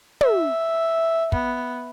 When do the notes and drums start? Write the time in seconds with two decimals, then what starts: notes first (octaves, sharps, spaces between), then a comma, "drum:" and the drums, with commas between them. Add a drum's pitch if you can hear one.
0.21 E5, drum: tom
1.32 B3, drum: kick